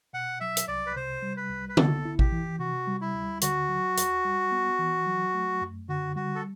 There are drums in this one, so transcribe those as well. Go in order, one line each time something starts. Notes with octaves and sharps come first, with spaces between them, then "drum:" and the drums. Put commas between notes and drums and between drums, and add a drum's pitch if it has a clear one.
B2 F#5
F#3 E5
drum: hi-hat
C2 D5
B4
C3 C5
G3
B4
C2
B4
B3 A4, drum: tom D3
E4
G4, drum: kick A1
E3
C3 F#4
G3
E4
D2
D3 F#4, drum: hi-hat
F#3
E2, drum: hi-hat
G3
B3
E3
F#3
A3
F#2
D3 F#4
G3 F#4
A4